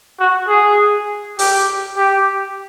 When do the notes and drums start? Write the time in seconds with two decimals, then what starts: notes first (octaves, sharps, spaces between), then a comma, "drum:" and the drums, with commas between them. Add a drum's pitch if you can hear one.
0.20 F#4
0.48 G#4
1.39 G4, drum: open hi-hat
1.97 G4